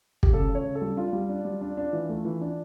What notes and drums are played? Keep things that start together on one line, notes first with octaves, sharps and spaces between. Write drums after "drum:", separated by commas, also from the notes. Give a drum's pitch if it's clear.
G4, drum: kick
C#3 A4
C#3
C#5
C#3
A4
G3
D4 F4
G3
D4
G3
D4
D4
E3
A3
E3
D4